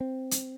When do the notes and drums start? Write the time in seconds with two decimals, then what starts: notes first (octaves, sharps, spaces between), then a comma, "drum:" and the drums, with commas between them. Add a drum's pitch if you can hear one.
0.01 C4
0.31 drum: hi-hat